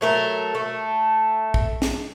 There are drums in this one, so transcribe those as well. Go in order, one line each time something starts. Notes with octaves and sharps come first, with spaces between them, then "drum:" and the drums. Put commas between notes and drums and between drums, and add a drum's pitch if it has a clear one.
F#3 A3 A#4
A3
drum: kick
drum: snare